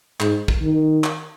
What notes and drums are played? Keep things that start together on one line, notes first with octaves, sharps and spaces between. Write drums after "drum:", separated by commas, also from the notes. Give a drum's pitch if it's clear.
G#2, drum: clap
drum: kick
D#3
drum: clap